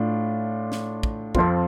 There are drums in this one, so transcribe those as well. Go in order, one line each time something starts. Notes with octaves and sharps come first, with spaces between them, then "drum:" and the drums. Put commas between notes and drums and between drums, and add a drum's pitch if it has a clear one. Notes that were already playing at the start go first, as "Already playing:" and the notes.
Already playing: A2 D4 F4
drum: snare
drum: kick
F2 F3 C4 F4, drum: kick